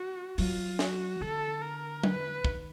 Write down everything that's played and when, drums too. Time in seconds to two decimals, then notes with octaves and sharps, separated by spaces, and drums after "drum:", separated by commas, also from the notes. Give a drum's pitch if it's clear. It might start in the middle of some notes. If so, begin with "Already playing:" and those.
Already playing: F#4
0.38 F#3 F4, drum: open hi-hat
0.79 F#4, drum: snare
1.21 D3 A4
1.62 A#4
2.03 B4, drum: tom F#3
2.45 D#3, drum: kick